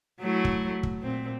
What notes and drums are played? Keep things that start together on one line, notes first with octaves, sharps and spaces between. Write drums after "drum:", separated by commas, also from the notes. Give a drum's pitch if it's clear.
F#3 A3 E4
drum: kick
drum: kick
A#2 C4